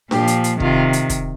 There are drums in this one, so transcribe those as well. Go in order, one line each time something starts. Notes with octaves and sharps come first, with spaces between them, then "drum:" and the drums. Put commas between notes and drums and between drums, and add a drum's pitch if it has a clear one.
A#2 F3 G4, drum: snare D4
drum: hi-hat
drum: hi-hat
C3 D#3 F4, drum: kick
drum: hi-hat
drum: kick, hi-hat